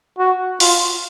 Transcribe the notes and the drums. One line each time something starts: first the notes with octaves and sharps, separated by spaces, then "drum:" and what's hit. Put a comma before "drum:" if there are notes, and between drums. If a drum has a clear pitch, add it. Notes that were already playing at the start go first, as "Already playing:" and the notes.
F#4
F4, drum: open hi-hat